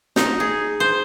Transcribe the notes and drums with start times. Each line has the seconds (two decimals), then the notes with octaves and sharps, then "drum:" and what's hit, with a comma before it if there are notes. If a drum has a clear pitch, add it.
0.16 D#4, drum: snare
0.40 G#4
0.80 C5